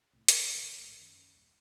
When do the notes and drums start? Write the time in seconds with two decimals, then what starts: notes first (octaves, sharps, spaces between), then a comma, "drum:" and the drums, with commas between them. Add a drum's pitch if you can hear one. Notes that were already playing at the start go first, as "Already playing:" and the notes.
0.13 C2 A2
0.28 F1 B1 G2 D3, drum: hi-hat
0.55 G#2 D3 G#3
0.77 A#1 A2
0.99 F#2 D#3
1.35 D#1